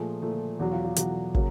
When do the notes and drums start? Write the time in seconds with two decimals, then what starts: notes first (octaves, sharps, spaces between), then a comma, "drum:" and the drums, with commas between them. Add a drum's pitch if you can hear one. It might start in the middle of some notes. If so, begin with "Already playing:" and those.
Already playing: A#2 F3 A3 G#4
0.22 A#2 F3 A3
0.59 E2 B2 F#3 F#4
0.72 F4
0.85 F4
0.96 E2 B2 F#3 F#4, drum: hi-hat
1.34 C#3 F#3 A#3, drum: kick